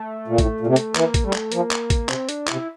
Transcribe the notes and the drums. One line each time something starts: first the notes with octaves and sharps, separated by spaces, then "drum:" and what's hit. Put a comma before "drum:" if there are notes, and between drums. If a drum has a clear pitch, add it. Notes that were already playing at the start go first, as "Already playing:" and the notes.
Already playing: A3
A#2
A2, drum: kick A1, hi-hat
A#2
C3
drum: hi-hat
E3 A#3, drum: clap
drum: kick A1, hi-hat
G3 A3
drum: clap
F3 A#3, drum: hi-hat
drum: clap
drum: kick A1, hi-hat
C3 C4, drum: clap
D4, drum: hi-hat
C3 E4, drum: clap